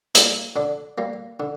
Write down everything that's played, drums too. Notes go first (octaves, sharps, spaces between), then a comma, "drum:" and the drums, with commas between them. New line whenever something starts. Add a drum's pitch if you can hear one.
G3 A#3, drum: hi-hat
D3 D4
G3 A#3
D3